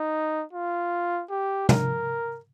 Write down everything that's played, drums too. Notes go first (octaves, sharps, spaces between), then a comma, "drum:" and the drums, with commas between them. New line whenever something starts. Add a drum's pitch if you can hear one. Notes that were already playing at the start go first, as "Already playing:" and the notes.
Already playing: D#4
F4
G4
A#4, drum: tom